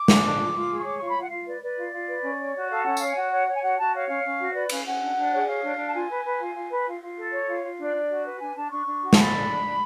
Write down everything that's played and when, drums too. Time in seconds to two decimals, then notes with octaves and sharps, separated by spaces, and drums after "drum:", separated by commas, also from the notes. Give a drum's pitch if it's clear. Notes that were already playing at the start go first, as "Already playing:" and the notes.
Already playing: D6
0.08 D4, drum: snare
0.23 D4
0.38 F4
0.54 F4
0.69 G#4
0.78 C#6
0.84 C#5 D6
0.97 F4 C#6
1.08 B5
1.16 F4 F#5
1.30 F4 F5
1.46 B4 D5
1.61 B4 D5
1.78 F4
1.93 F4
2.09 B4
2.24 C#4
2.39 C#5
2.55 F#4
2.70 A4 F5
2.83 C#4 F#5
2.97 C#5 F5, drum: tambourine
3.10 G#5
3.15 F#4 F#5
3.31 C#5
3.46 C#5
3.55 G#5
3.62 F#4 F#5
3.78 F#4 A5
3.93 C#5 F5
4.08 C#4 F5
4.24 C#4
4.39 F#4
4.50 C#5
4.54 B4 D5
4.69 C#4 F5, drum: cymbal
4.85 C#4 F#5
5.00 D4
5.16 D4
5.31 G#4 C#5
5.39 D5
5.47 C#5 F5
5.63 D4
5.77 D4
5.87 A5
5.93 F4 G#5
6.09 B4
6.25 B4
6.40 F4
6.55 F4
6.70 B4
6.86 F4
7.02 F4
7.17 A4
7.32 C#5
7.48 F4
7.63 F4
7.78 D4 D5
7.94 D4
8.09 F#4
8.24 B4
8.40 D4 G#5
8.55 D4 A5
8.70 D4 C#6
8.86 D4
9.02 F#4
9.13 A5, drum: snare
9.16 A4 B5
9.32 D4
9.48 D4
9.63 D4